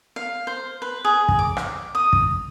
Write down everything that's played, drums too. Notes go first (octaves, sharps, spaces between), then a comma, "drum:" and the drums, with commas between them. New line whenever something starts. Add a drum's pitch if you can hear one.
F5
C5
B4
G#4
drum: kick
D6
drum: rim click
D#6
drum: kick